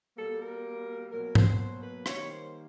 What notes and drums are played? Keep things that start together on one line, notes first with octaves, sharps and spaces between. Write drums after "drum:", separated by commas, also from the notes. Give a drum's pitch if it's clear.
B2 G3 A#3 A4
A#4
B2 F#3 A#3 A#4
C5, drum: tom G#2
C5
B4
D#3 G3 A#3 C#5, drum: rim click
C5